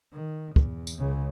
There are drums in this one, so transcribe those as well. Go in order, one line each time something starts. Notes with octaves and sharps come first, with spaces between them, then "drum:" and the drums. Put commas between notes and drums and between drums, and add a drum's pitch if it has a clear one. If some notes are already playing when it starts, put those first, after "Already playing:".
D#3
E2, drum: kick
drum: tambourine
C#2 C#3